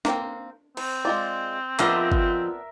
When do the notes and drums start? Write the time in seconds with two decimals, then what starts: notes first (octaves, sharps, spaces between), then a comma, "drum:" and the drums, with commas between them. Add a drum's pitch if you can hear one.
0.05 A#3 C4, drum: snare
0.77 C4 C5, drum: cymbal
1.05 G#3 F4 D5
1.79 F3 B3 D4 F4 G#4 A#4 D#5 E5, drum: clap
2.12 drum: kick G1